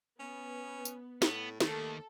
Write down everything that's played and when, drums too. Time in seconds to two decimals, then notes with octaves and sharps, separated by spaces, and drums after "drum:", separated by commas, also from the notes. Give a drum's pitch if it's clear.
0.19 B3 C#4
0.85 drum: tambourine
1.22 A2 B3, drum: snare
1.60 D#2 D#3 A3 A4, drum: snare